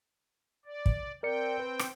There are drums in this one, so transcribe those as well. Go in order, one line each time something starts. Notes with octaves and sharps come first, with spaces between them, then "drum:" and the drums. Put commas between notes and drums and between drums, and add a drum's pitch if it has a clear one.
D5
drum: kick
C4 A#4 D5 G5 C#7
B4
drum: rim click